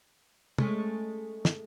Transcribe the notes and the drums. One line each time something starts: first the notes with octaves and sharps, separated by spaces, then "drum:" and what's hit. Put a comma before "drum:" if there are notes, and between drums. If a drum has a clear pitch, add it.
G#3 A3 C#4, drum: tom
drum: snare